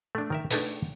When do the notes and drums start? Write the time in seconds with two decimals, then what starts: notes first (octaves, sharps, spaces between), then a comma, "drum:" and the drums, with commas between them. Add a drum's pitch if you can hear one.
0.15 A3 D4
0.30 D#3 A#4 E5
0.51 A3 D4 D#4 G#4 A4 B4, drum: hi-hat